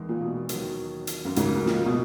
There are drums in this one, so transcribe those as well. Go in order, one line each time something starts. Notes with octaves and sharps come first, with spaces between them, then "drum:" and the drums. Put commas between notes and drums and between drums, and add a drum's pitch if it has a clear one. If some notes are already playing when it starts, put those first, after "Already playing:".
Already playing: E2 D#3 G#3
A#2
B2
D#2 D#3 F#3, drum: hi-hat
drum: hi-hat
F#2
C#2 G#2 C#3 F#3 A#3 D#4, drum: hi-hat
A#2, drum: snare
B2